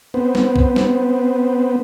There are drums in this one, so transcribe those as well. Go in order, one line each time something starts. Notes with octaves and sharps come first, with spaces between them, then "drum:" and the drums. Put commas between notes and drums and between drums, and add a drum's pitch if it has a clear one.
B3 C4
drum: snare
drum: kick A#1
drum: snare